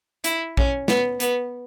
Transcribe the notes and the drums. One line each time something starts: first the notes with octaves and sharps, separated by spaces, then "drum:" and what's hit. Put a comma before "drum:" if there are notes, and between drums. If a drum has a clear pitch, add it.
E4, drum: hi-hat
C#4, drum: kick A#1
B3, drum: snare
B3, drum: hi-hat